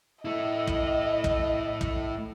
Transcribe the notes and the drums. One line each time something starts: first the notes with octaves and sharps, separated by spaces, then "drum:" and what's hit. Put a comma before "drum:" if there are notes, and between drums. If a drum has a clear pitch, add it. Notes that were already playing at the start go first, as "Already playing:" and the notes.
A3 E4 D#5
drum: kick
drum: kick
drum: kick